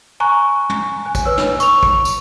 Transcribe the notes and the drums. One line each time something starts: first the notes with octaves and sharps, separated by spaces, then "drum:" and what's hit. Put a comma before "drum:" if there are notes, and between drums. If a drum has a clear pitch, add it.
G#5 A#5 C#6 F#6
drum: tom
G#5 F#6
drum: kick, tambourine
B4 C#5 E6
drum: snare
C#6 F7, drum: tambourine
drum: kick
drum: tambourine